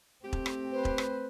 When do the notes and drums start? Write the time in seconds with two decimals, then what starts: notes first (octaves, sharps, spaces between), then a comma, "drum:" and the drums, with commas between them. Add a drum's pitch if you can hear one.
0.23 A3 C4 G4
0.33 drum: kick E1
0.46 drum: rim click
0.72 B4 C5
0.85 drum: kick E1
0.98 drum: rim click